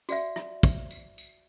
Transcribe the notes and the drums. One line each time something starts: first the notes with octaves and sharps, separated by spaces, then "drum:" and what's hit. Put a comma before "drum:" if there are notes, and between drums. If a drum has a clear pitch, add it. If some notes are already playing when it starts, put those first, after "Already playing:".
F#4 D5 E5, drum: tambourine
drum: rim click
drum: kick, tambourine
drum: tambourine
drum: tambourine